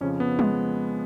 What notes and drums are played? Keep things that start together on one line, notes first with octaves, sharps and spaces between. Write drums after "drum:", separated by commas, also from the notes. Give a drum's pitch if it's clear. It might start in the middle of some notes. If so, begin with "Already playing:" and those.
F2 C#3 F3 C#4
B3
G#3, drum: tom G3